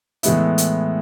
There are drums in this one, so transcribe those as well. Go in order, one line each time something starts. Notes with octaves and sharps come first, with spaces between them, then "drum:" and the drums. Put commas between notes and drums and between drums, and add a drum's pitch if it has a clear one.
A2 E3 G#3 B3 E4, drum: hi-hat
drum: hi-hat